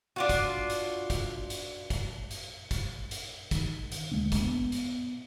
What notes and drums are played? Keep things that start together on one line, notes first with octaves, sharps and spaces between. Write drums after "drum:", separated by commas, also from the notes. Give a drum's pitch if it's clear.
D4 F4 F#4
drum: kick, hi-hat
drum: hi-hat
drum: kick, hi-hat
drum: hi-hat
drum: kick, hi-hat
drum: hi-hat
drum: kick, hi-hat
drum: hi-hat
D#3, drum: kick, hi-hat
drum: hi-hat
D2 G#3 A#3 D4
drum: kick, hi-hat
B3
drum: hi-hat